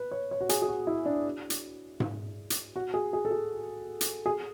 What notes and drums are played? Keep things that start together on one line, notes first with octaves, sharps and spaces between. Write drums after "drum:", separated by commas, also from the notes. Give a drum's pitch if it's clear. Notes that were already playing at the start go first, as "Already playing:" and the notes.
Already playing: B4
C#5
C#5
F#4
G#4, drum: hi-hat
G#4
F#4
E4
D4
drum: hi-hat
drum: tom G#2
drum: hi-hat
F#4
G#4
G#4
A4
G#4
drum: hi-hat
G#4